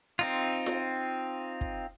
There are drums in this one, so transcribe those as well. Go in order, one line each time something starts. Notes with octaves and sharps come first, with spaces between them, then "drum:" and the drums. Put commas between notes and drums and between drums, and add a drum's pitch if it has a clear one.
C4 D#4 F4
drum: snare F4
drum: kick